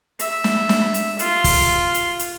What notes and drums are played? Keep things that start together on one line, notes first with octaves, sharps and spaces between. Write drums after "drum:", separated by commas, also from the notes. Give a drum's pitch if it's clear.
E5, drum: hi-hat
drum: snare
drum: snare
drum: hi-hat
F4, drum: hi-hat
drum: kick, open hi-hat
drum: hi-hat
drum: hi-hat